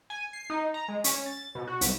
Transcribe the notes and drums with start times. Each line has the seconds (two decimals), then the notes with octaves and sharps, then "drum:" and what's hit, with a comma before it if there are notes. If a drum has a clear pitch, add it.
0.10 G#5
0.33 C7
0.50 D#4
0.74 A#5
0.88 G#3
1.04 C#4, drum: hi-hat
1.26 A6
1.55 B2
1.67 F#4
1.81 C2, drum: hi-hat